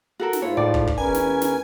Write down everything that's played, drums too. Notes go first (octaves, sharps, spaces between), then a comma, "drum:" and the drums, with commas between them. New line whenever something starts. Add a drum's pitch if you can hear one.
F#4 A4 A#4
drum: snare
G#2 E4 F4 C#5
A2 D5
drum: kick
drum: kick
E2 C#4 A#4 B4 G#5
drum: snare
drum: snare